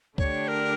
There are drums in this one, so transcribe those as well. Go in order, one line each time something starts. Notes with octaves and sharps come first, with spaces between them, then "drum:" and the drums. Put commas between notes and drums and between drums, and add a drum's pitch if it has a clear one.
D3 A3 D4 G4 C#5, drum: kick
A#4